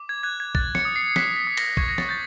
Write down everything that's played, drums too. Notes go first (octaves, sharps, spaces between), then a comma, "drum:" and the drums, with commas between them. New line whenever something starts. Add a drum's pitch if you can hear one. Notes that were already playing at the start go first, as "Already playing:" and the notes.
Already playing: D6
G#6
F#6 G#6
G#6
F#6 A6, drum: kick
C#7, drum: snare
D#6
C7
F#6 B6, drum: snare
B6
D#6
A#6, drum: cymbal
C#6 G#6, drum: kick
A#6
A6, drum: snare
G6 A6